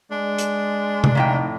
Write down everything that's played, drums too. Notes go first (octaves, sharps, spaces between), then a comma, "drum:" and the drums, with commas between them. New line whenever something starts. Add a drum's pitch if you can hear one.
G#3 D4
drum: hi-hat
drum: tom C3
F2 A2 D#4 G5